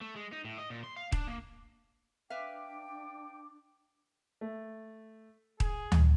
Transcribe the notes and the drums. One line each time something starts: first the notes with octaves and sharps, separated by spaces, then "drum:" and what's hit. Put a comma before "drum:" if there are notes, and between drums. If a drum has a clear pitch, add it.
A3
G#3
D#4
A2
D#5
A#2
C6
F5
D4, drum: kick D#1
A#3
D4 B4 E5 F5 G5 D6
A3
G#4, drum: kick D#1
drum: tom D2